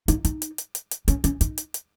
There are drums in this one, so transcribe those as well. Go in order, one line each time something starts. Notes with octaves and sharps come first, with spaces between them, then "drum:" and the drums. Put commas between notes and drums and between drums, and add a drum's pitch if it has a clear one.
D#4, drum: hi-hat
D#4, drum: hi-hat
drum: hi-hat
drum: hi-hat
drum: hi-hat
drum: hi-hat
C#4, drum: hi-hat
C#4, drum: hi-hat
D#4, drum: hi-hat
drum: hi-hat
drum: hi-hat